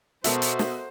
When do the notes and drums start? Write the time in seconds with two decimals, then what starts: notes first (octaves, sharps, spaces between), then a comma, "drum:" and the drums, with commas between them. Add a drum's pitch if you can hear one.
0.24 B2 F#4 A4 A#4 C5 E5, drum: hi-hat
0.42 drum: hi-hat
0.59 drum: snare